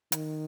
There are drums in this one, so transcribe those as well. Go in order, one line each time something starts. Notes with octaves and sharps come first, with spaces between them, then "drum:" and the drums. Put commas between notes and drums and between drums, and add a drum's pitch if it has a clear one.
D#3, drum: hi-hat